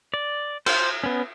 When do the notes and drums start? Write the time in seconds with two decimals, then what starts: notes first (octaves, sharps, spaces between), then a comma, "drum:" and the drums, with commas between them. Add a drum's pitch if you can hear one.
0.14 D5
0.66 C5, drum: cymbal
1.04 B3 C#4